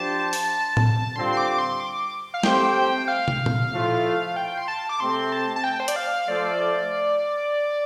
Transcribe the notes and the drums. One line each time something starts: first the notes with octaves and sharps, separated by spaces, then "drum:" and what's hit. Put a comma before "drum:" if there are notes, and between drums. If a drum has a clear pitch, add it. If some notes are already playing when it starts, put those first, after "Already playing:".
Already playing: F3 D4 G4 C5 A5
drum: open hi-hat
drum: tom A2
D3 G3 C4 F4 C6
C6
D6
C6
D6
F5
A3 C4 G4 C5 G5, drum: snare
F5
drum: tom
drum: tom A#2
A2 F3 A3 F4 A4
G5
C6
A5
D6
C3 A3 C4 C6
A5
A5
G5
C5
D5, drum: hi-hat
F5
F3 A3 F4 A4 C5 D5